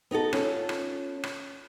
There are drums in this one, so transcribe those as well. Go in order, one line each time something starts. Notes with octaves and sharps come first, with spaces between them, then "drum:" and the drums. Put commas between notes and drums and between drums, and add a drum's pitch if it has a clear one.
B3 D#4 F#4 A4
C#4 F4 A4, drum: rim click
drum: rim click
drum: rim click